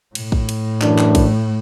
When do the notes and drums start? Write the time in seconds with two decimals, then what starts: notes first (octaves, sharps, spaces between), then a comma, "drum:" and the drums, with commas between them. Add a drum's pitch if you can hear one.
0.15 A2, drum: cymbal
0.32 drum: kick
0.49 drum: cymbal
0.81 F#2 E3 D4, drum: clap
0.98 drum: clap
1.15 drum: kick, cymbal